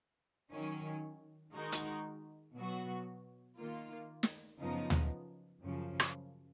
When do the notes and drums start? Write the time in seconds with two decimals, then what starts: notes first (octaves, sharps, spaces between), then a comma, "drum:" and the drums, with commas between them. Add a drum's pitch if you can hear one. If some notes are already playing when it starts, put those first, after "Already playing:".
0.51 D#3 F#3 C#4
1.53 D#3 G#3 D#4 F#4 A#4
1.72 drum: hi-hat
2.55 B2 F#3 B3 F#4
3.57 D#3 A#3 F4
4.23 drum: snare
4.59 F#2 C#3 F3 B3 D#4
4.90 drum: tom D2
5.61 F#2 C#3 F3
6.00 drum: rim click